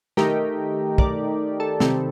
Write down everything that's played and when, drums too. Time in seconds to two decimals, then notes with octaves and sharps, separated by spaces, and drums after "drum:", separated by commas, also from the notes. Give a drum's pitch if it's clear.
0.17 D#3 A3 D#4 G4 A#4, drum: snare
0.98 A#4 D5, drum: kick
1.60 A4
1.80 C3 D#3 G3 C4 A4, drum: snare